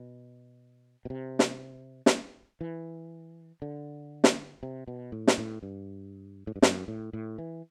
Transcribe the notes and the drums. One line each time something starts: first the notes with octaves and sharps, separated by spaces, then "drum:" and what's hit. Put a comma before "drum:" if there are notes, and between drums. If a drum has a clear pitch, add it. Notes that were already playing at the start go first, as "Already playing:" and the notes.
Already playing: B2
B2
C3
drum: snare
drum: snare
E3
D3
drum: snare
C3
B2
A2
drum: snare
A2
G2
A2
G2
F#2, drum: snare
A2
A2
E3